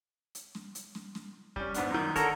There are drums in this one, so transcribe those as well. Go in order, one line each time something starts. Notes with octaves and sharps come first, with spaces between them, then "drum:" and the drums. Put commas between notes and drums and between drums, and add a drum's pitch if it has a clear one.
drum: hi-hat
drum: snare
drum: hi-hat
drum: snare
drum: snare
G3 C#4, drum: kick
G#2 B3 D4, drum: hi-hat
F#2 D#3
D3 A4 A#4 C#5 A#5, drum: kick, hi-hat